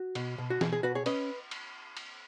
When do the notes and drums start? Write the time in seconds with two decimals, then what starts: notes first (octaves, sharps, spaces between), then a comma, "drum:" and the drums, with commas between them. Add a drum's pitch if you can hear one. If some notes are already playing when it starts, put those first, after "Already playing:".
Already playing: F#4
0.15 B2, drum: cymbal
0.38 B2
0.50 F#4
0.61 B2 G#4, drum: snare E3
0.72 G#4
0.83 B2 F#4 B4
0.95 G#4 C#5
1.06 C#4 B4 D#5, drum: cymbal
1.51 drum: cymbal
1.97 drum: cymbal